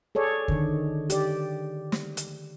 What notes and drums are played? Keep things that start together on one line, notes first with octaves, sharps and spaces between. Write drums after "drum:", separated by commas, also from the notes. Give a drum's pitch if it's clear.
G#4 A4 C#5 D5
D3 D#3, drum: kick
G4 D5, drum: hi-hat
drum: snare
drum: hi-hat